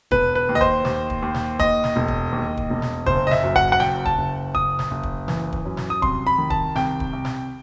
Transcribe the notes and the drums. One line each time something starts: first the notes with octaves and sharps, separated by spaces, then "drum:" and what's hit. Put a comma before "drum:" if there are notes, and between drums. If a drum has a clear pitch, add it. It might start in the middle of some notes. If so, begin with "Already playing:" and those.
E1 B4, drum: kick
B4
D#2
D#5
C5, drum: kick
D#2, drum: snare
drum: kick
D#2
drum: snare
D#2 D#5, drum: kick
drum: snare
E1
drum: kick
D#2
drum: kick
E1
drum: snare
F#1 C5, drum: kick
D#5
E5, drum: snare
F#2
F#5, drum: kick
F#5
F#1 G5, drum: snare
A5, drum: kick
F#1
F#1 D#6, drum: kick
drum: snare
F#1
drum: kick
E3, drum: snare
drum: kick
F#2
drum: snare
D#6
C2 C6, drum: kick
B5
D#3
A5, drum: kick
C2 G5, drum: snare
drum: kick
C2
drum: snare